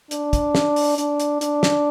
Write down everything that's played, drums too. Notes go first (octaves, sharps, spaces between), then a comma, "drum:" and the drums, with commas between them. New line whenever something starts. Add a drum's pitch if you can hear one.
D4, drum: hi-hat
drum: kick, hi-hat
drum: snare
drum: open hi-hat
D4, drum: hi-hat
drum: hi-hat
D4, drum: hi-hat
drum: snare